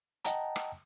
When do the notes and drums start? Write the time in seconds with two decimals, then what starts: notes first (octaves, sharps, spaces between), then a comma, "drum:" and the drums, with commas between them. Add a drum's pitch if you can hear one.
0.25 D#5 F#5 G5 A5 A#5, drum: hi-hat
0.56 drum: rim click